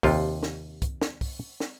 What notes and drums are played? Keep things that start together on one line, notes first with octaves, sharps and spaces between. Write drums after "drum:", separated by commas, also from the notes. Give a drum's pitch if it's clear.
D#2 C3 F4, drum: kick, open hi-hat
drum: snare
drum: kick, hi-hat
drum: snare
drum: kick, open hi-hat
drum: snare